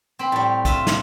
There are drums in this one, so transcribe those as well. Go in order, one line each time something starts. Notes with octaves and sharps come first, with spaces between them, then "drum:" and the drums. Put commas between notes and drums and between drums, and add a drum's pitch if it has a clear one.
C4 B5
A2 G3
F4 E5, drum: kick, hi-hat
drum: snare